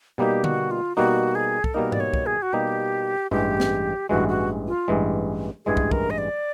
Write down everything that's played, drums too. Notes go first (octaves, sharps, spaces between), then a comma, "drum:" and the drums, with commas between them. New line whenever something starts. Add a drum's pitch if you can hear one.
B2 G3 A#3 D#4 G4
F#4, drum: tom D3
F4
B2 G3 A#3 D#4 F#4
G#4
A4, drum: kick
B2 G3 A#3 D#4 A#4
D5, drum: tom G#2
C#5
drum: kick
G#4
F#4
B2 G3 A#3 D#4 G4
A1 G2 E3 G#3 G4
drum: snare
A1 G2 E3 G#3 F#4
F#4
F4
A1 G2 E3 G#3
A1 G2 E3 G#3 G#4
drum: kick
A#4, drum: kick
D#5
D5